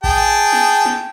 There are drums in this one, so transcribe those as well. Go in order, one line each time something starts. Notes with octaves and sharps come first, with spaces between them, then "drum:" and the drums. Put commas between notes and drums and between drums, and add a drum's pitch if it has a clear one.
G#4 G5 A5, drum: kick A1
drum: snare
drum: snare